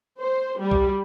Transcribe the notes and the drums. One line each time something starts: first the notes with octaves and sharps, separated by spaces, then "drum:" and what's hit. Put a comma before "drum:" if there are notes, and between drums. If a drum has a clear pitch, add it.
C5
G3
drum: kick C2